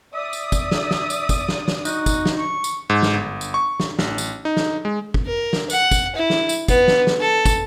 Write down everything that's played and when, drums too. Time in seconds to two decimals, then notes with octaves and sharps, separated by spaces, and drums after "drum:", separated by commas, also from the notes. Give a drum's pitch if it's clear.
0.14 D5 E5 D#6
0.33 drum: tambourine
0.52 drum: kick, tambourine
0.71 drum: snare
0.91 drum: snare
1.10 drum: tambourine
1.29 drum: kick, tambourine
1.48 drum: snare
1.68 drum: snare
1.85 D#4 F#4, drum: tambourine
2.06 drum: kick, tambourine
2.26 drum: snare
2.36 C#6
2.64 drum: tambourine
2.90 G#2
3.03 drum: snare
3.14 G1
3.41 drum: tambourine
3.54 C#6
3.80 drum: snare
3.99 A1, drum: snare
4.18 drum: tambourine
4.45 D#4
4.57 drum: snare
4.85 G#3
5.14 drum: kick
5.26 A#4
5.53 drum: snare
5.70 F#5, drum: tambourine
5.91 drum: kick, tambourine
6.15 E4
6.30 drum: snare
6.49 drum: tambourine
6.68 B3, drum: kick, tambourine
6.88 drum: snare
7.07 drum: snare
7.20 A4
7.45 drum: kick, tambourine